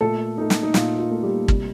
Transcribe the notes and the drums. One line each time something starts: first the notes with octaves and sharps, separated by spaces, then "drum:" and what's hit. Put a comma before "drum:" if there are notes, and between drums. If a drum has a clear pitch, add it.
A#2 A3 A4
A3 D#4
drum: snare
D#4
A#2 F4, drum: snare
F4
A3 D#4
G3 G4
C3, drum: kick